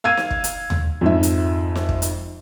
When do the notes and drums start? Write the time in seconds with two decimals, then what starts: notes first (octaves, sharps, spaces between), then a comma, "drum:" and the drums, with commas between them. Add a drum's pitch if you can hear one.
0.04 F5 E6 G#6 D#7
0.17 drum: snare
0.31 drum: kick
0.44 drum: hi-hat
0.70 drum: tom D#2
1.01 F2 G#2 E5
1.23 drum: hi-hat
1.75 drum: snare
1.89 drum: kick
2.02 drum: hi-hat